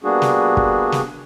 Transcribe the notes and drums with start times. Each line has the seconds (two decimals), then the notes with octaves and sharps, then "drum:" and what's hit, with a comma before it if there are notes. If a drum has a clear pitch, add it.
0.04 G3 A#3 B3 D4 F#4 G#4
0.22 drum: snare
0.57 drum: kick
0.92 drum: snare